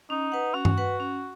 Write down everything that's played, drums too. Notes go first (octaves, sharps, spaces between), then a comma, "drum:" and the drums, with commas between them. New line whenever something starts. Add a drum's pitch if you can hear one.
C#4 D#4
B4 F#5
C#4 F#4
drum: tom G2
B4 F#5
C#4